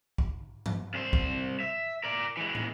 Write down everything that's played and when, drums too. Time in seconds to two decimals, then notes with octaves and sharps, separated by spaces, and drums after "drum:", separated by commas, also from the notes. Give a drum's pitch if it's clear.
0.18 drum: kick
0.66 drum: tom G2
0.94 C2 C5
1.13 drum: kick
1.60 E5
2.04 A#4 D5
2.37 E3 G#3
2.55 drum: tom